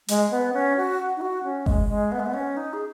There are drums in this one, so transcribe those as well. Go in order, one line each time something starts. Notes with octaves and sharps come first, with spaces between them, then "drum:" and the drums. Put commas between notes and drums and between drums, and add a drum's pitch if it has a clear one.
G#3, drum: hi-hat
B3
C#4
F#4
D#4
F#4
C#4
G#3, drum: kick G1
G#3
B3
G#3
B3
C#4
D#4
G#4